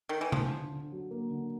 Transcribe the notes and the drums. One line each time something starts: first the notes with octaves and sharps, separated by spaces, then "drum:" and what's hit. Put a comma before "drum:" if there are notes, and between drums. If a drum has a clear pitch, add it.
D#3
E3
D3 F3, drum: tom C3
D3
D3
F#3
A#3
D3